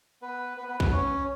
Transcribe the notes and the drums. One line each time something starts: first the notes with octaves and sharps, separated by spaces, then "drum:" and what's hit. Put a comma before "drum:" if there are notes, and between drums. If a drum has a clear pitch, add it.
B3 B4
B3 B4
B3 B4
B3 B4, drum: kick
C#4 C#5